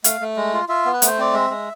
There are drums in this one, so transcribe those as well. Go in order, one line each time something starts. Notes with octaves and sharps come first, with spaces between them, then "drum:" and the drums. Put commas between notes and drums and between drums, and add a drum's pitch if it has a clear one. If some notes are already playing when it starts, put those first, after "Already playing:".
A3 F5, drum: hi-hat
A3
G#3
F4
F4 E5
B3
B4
A3, drum: hi-hat
C5
C4 D5
G#3 E5
G#3